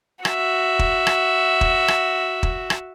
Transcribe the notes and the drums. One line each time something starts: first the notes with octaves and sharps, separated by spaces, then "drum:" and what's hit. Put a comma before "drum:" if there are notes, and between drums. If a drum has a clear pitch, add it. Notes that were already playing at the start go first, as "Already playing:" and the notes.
F#4 E5, drum: rim click
drum: kick
drum: rim click
drum: kick
drum: rim click
drum: kick
drum: rim click